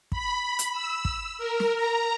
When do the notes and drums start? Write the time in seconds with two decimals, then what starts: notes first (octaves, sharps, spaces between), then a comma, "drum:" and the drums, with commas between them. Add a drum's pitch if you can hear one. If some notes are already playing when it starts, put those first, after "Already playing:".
0.12 B5, drum: kick
0.59 drum: hi-hat
0.72 E6
1.05 drum: kick
1.38 A#4
1.60 drum: snare
1.74 A#5